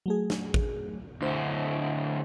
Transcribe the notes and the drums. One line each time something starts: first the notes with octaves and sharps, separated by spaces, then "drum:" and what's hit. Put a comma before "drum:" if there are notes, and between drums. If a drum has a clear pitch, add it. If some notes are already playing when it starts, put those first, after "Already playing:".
F#3 A3 G#4
drum: snare
drum: kick
D2 D4 E4 C5